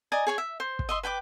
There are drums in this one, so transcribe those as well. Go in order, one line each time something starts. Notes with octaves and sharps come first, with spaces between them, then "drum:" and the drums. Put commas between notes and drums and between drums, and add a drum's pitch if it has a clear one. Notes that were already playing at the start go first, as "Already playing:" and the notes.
D5 D#5 G#5 A#5
G#4 C#5 G#5
E5
C5
drum: kick
D#5 E5 C6
B4 G5 B5 D6